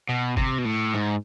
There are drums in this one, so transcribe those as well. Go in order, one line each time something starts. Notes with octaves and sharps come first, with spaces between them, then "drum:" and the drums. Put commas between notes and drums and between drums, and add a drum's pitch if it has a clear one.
B2
C3, drum: kick
B2
A2
G#2